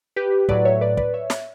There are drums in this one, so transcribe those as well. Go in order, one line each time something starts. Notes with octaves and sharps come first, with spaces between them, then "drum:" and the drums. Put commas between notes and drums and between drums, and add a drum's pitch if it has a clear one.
G4 B4
A2 F#3 B4 D5, drum: kick
C#5 E5
B4 D5
B4 D5, drum: kick
C#5 E5
drum: snare